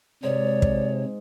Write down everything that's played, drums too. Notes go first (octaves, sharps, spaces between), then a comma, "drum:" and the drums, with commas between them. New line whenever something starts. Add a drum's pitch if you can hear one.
G#2 C3 C#5 D5
drum: kick